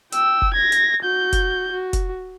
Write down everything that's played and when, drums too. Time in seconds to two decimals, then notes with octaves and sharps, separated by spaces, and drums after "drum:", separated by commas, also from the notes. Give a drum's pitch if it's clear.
0.12 G5 E6, drum: hi-hat
0.42 drum: kick F1
0.54 G#6 A#6
0.72 drum: hi-hat
1.02 F#4 G6
1.33 drum: kick F1, hi-hat
1.72 F#4
1.93 drum: kick F1, hi-hat